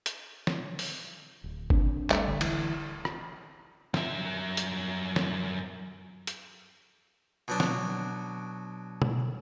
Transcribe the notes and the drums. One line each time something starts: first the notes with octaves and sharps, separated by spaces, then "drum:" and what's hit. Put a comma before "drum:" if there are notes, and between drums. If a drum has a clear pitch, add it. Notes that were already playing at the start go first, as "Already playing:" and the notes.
drum: hi-hat
drum: snare
drum: open hi-hat
D1
C4 D4, drum: kick G1
G3 A3, drum: clap
D1 A1 D3
E3, drum: cymbal
drum: rim click
F#2 E5, drum: snare
drum: hi-hat
drum: snare
drum: hi-hat
B2 F#3 D4
drum: snare
drum: tom B2